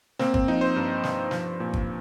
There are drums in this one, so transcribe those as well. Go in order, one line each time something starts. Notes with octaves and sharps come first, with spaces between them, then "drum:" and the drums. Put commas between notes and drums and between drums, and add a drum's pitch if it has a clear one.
A#3 C4, drum: snare
C4, drum: kick G1
F3 D#4
C5
G2
G2, drum: snare
F3, drum: snare
A#2
drum: kick G1